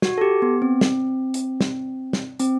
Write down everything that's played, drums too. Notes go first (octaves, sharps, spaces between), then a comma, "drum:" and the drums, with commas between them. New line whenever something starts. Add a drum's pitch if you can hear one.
F#4, drum: snare
A4
G4
B3
C4
drum: snare
drum: hi-hat
drum: snare
drum: snare
C4, drum: hi-hat